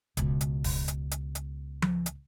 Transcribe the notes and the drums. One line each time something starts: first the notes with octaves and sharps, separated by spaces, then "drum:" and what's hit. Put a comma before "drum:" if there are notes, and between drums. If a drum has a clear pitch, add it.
C#2 B2, drum: kick D1, hi-hat
drum: hi-hat
drum: kick D1, open hi-hat
drum: hi-hat
drum: hi-hat
drum: hi-hat
drum: tom F3
drum: hi-hat